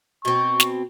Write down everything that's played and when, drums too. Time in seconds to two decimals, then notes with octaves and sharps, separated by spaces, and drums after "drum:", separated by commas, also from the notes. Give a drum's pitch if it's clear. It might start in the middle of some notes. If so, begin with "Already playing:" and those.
0.25 B2 C4 C#6
0.60 drum: snare